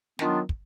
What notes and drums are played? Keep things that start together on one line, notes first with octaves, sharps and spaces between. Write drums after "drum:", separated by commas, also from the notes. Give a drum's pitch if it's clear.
D#3 F#3 B3 D4 F4, drum: snare
drum: kick